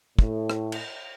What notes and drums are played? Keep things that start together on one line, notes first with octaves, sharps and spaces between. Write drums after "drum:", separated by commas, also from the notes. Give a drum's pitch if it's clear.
A2, drum: kick
drum: rim click
drum: cymbal